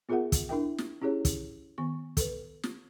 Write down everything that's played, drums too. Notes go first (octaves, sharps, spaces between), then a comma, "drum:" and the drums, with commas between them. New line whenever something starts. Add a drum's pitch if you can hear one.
B3 F4 G#4 A#4 E5 F#5
drum: kick, hi-hat
D4 E4 A#4 E5 G5
drum: snare
C#4 E4 G4 G#4 C#5
drum: kick, hi-hat
D#3 B3 C#6
A4 B4, drum: kick, hi-hat
drum: snare